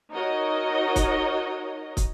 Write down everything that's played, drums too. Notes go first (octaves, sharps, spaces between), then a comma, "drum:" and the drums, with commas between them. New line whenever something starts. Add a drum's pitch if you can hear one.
D#4 F#4 A#4 C#5 D#5
drum: kick, hi-hat
drum: kick, hi-hat